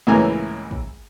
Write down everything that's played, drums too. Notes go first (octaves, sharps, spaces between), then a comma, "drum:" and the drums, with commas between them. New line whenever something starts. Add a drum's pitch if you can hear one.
C#2 A2 E3 A#3 G#5 A#5
drum: kick